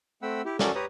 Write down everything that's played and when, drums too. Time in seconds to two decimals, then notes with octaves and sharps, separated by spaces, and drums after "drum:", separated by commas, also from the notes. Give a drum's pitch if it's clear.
0.22 A3 C4 F#5 G5 B5 E6
0.45 E4 G4
0.59 C#4 F#4 A4 A#4 D5, drum: snare
0.75 G4 B4 C#5 A#5 D#6